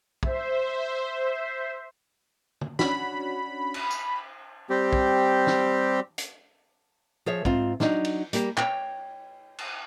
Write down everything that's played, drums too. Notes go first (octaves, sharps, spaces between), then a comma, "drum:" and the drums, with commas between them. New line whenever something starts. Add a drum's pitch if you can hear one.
C5 E5, drum: kick
drum: tom
C#4 D4 F#4 B5, drum: snare
drum: cymbal
drum: tambourine
G3 C4 G4
drum: kick
drum: snare
drum: hi-hat
F3 G#4 C#5 E5
G#2 C4 F4, drum: kick
F#3 D4 D#4, drum: snare
drum: cymbal
G3 A#3 G4, drum: hi-hat
C#5 G5, drum: clap
drum: cymbal